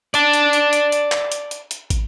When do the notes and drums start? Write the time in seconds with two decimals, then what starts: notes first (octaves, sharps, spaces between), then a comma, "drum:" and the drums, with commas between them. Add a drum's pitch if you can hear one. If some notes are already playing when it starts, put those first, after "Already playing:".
0.14 D5 A5, drum: hi-hat
0.33 drum: hi-hat
0.53 drum: hi-hat
0.73 drum: hi-hat
0.92 drum: hi-hat
1.12 drum: clap
1.32 drum: hi-hat
1.51 drum: hi-hat
1.71 drum: hi-hat
1.90 drum: kick, hi-hat